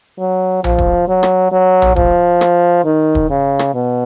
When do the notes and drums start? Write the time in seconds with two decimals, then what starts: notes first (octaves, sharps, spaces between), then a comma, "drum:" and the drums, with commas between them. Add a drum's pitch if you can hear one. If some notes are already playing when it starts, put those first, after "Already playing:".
0.19 F#3
0.64 F3, drum: tom A#1
0.78 drum: kick
1.08 F#3
1.23 drum: rim click
1.52 F#3
1.82 drum: tom A#1
1.96 F3, drum: kick
2.41 drum: rim click
2.85 D#3
3.15 drum: kick
3.30 C#3
3.59 drum: rim click
3.74 B2